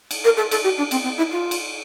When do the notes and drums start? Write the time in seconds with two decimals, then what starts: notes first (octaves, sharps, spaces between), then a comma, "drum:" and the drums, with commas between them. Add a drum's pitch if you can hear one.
0.11 drum: cymbal
0.24 A#4
0.37 A4
0.51 A4, drum: cymbal
0.64 G4
0.78 D4
0.91 C4, drum: cymbal
1.04 C4
1.18 E4
1.32 F4
1.51 drum: cymbal